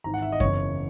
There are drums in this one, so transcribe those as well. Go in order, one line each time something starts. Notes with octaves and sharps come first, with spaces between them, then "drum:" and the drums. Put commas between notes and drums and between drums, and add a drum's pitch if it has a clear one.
G#1 G#2 E3 A#5
F#5
E5
D#5
F#1 E2 C#3 C#5, drum: kick F#2